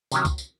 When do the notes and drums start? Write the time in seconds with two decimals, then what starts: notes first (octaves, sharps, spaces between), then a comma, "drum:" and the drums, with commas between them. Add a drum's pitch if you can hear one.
0.12 C3 D#3 F#3 C#4, drum: tambourine
0.25 drum: kick, tambourine
0.38 drum: tambourine